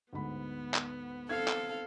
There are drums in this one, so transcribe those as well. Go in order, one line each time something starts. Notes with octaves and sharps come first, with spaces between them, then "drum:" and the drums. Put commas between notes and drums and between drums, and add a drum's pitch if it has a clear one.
D2 G#2 B3 B5
drum: clap
C4 A4 F5 G#6 C7
drum: clap